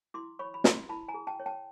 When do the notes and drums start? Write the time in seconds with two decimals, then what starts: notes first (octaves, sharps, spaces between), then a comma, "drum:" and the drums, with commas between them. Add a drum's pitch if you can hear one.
0.14 E4 C6 D6
0.39 C#5 B5 C#6
0.54 B5
0.64 E4 A#5 C6, drum: snare
0.89 E4 A5 B5
1.08 G#5 A#5
1.14 G#4
1.27 G5 A5
1.40 C#5
1.46 G5 A5